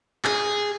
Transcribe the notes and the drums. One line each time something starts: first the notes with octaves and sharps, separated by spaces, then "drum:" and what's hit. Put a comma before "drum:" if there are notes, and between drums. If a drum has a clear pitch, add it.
G#4, drum: clap